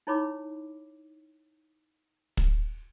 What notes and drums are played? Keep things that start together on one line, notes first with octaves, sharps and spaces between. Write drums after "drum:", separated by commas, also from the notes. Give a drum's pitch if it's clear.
D#4 E4 C#5 B5 D6
drum: kick